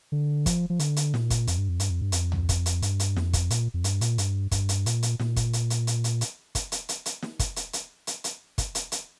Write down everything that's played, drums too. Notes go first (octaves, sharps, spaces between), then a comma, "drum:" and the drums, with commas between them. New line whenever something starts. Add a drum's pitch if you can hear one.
D3
F3, drum: kick, hi-hat
F3
D3, drum: hi-hat
drum: hi-hat
A#2, drum: snare
drum: kick, hi-hat
F2, drum: hi-hat
G2
F2
G2, drum: hi-hat
F2
G2
F2, drum: hi-hat
drum: tom C#2
drum: kick, hi-hat
drum: hi-hat
G2, drum: hi-hat
drum: hi-hat
F2, drum: snare
drum: kick, hi-hat
A#2, drum: hi-hat
F2
G2, drum: hi-hat
A#2, drum: hi-hat
G2, drum: hi-hat
G2, drum: kick, hi-hat
drum: hi-hat
A#2, drum: hi-hat
drum: hi-hat
A#2, drum: snare
drum: kick, hi-hat
drum: hi-hat
drum: hi-hat
drum: hi-hat
drum: hi-hat
drum: hi-hat
drum: kick, hi-hat
drum: hi-hat
drum: hi-hat
drum: hi-hat
drum: snare
drum: kick, hi-hat
drum: hi-hat
drum: hi-hat
drum: hi-hat
drum: hi-hat
drum: kick, hi-hat
drum: hi-hat
drum: hi-hat